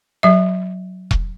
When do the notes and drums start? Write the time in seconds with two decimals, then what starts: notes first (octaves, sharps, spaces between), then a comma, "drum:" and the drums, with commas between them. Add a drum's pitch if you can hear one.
0.23 F#3 E5
1.11 drum: kick E1